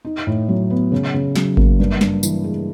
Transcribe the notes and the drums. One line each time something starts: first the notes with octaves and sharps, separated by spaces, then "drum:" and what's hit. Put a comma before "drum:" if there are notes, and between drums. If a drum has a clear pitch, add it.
D#4
A2
F#3
B3
C#3
C#3
F#3, drum: snare
A#3, drum: kick G#1
G2
G2, drum: snare
E3, drum: tambourine
G#3